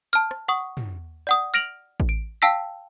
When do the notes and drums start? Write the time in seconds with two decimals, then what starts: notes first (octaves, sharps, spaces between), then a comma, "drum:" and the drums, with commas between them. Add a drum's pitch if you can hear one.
0.13 A5 F6
0.31 drum: rim click
0.48 F#5 C#6 D#6
0.77 drum: tom
1.27 D5 F#5 D#6
1.54 F6 A#6 D7 F7 F#7
2.00 drum: kick A1
2.09 D7
2.42 F5 G5 A5 E6 A#6 B6